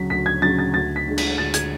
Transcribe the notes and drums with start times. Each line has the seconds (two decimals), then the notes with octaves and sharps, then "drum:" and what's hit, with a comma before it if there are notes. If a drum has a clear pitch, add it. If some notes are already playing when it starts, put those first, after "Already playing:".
Already playing: D2 C#3 F#3 B6
0.10 D2 B6
0.26 G#6
0.42 C#3 F#3 A6
0.59 A6
0.74 D2 A6
0.96 B6
1.07 D3 G#3 D4
1.18 B6, drum: cymbal
1.38 D2 A6
1.54 G#6, drum: hi-hat